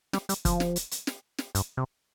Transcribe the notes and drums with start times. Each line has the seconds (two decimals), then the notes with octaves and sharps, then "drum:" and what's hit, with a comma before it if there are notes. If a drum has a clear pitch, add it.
0.13 G3, drum: snare
0.29 G3, drum: hi-hat
0.45 F3, drum: kick, hi-hat
0.60 drum: snare
0.76 drum: hi-hat
0.91 drum: hi-hat
1.07 drum: snare
1.38 drum: snare
1.55 G2, drum: hi-hat
1.77 C3